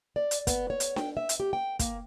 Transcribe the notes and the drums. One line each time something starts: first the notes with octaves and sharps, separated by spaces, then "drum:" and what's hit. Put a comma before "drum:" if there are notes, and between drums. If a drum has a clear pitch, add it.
D5
drum: hi-hat
B3, drum: kick, hi-hat
C#5
drum: hi-hat
G5, drum: snare D4
E5
drum: hi-hat
G4
G5
A#3, drum: kick, hi-hat